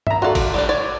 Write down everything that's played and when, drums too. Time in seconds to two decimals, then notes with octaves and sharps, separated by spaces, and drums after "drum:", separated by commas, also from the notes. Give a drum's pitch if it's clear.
0.07 E5 A#5, drum: tom G2
0.22 F4 F#4 A4 D5
0.35 drum: kick G#1, cymbal
0.54 G3 A3 D4
0.69 C#5 D5